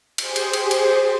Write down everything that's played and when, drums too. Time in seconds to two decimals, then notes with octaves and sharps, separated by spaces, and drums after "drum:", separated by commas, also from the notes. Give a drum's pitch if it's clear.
0.18 G4 G#4 C5, drum: cymbal
0.36 drum: cymbal
0.53 drum: cymbal
0.71 drum: cymbal